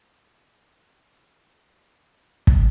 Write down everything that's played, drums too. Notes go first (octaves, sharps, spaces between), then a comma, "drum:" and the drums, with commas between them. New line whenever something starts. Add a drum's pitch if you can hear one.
D#4 F4 G#4
B4 C#5 A#5
D#3 E3 C4
C#3 F#3 D#4 G4
drum: kick